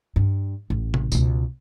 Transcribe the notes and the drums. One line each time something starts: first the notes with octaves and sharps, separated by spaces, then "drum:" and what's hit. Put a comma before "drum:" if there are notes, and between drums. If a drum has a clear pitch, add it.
G2
A1
drum: tom C3
C#2 B2, drum: tambourine